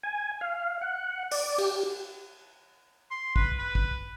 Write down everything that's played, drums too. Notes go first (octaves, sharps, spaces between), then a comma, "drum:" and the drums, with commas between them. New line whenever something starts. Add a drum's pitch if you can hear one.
G#5
F5
F#5
D5, drum: open hi-hat
G4, drum: cymbal
C6
B4, drum: kick
B4
drum: kick